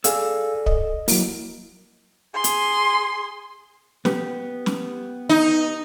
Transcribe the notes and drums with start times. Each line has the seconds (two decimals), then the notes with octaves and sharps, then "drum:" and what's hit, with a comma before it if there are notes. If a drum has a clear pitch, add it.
0.04 G#4 A4 D5 F5 G#5 E6, drum: hi-hat
0.66 D#5, drum: kick
1.08 F#3 A#3 E4, drum: open hi-hat
2.35 G#4 C6
2.44 drum: hi-hat
4.05 B3 G4, drum: snare
4.66 drum: snare
5.29 D#4